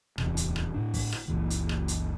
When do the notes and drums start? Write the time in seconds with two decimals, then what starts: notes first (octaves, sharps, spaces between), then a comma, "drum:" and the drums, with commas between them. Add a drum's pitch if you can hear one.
0.18 D1 E2 C3, drum: rim click
0.37 drum: hi-hat
0.56 drum: rim click
0.74 A2 D4
0.94 drum: kick, open hi-hat
1.13 drum: rim click
1.28 F#1 C#2 A#2 E3
1.50 drum: hi-hat
1.69 drum: rim click
1.88 drum: hi-hat